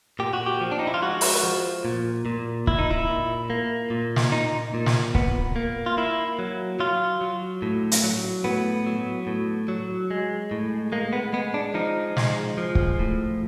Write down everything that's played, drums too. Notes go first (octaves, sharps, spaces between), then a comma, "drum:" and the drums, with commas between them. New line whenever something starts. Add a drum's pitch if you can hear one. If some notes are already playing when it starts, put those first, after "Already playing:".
A#2 G4
F#4
G4
F3
D4
D#4
E4
F4
G#3 F#4
drum: open hi-hat
F3
A#2
A#2
A#2 E4, drum: kick
D#4
E4
A#2
A#3
A#2
drum: snare
A#2 D#4
A#2
drum: snare
A#2 B3, drum: kick
A#3
F4
A#3 E4
F#3
F#3 F4
F#3
A2
drum: hi-hat
F#3
A2 B3
F#3
A2
F#3
G#3
A2
G#3 A#3
B3
G#3 B3
D4
F3 D#4
G#3, drum: snare
F3
drum: kick
A2